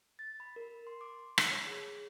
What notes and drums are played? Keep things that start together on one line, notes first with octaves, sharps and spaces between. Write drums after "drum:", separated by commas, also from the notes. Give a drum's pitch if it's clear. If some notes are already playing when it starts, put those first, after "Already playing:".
A6
B5
A#4
C6
D6
drum: rim click
C#5
G#4